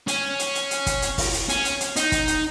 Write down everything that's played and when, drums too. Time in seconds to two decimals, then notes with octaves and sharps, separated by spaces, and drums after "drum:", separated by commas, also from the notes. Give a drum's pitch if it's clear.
0.08 C#4, drum: hi-hat
0.39 drum: hi-hat
0.55 drum: hi-hat
0.71 drum: hi-hat
0.86 drum: kick, hi-hat
1.02 drum: hi-hat
1.18 drum: kick, open hi-hat
1.33 drum: hi-hat
1.49 C#4, drum: hi-hat
1.65 drum: hi-hat
1.81 drum: hi-hat
1.96 D#4, drum: hi-hat
2.12 drum: kick, hi-hat
2.28 drum: hi-hat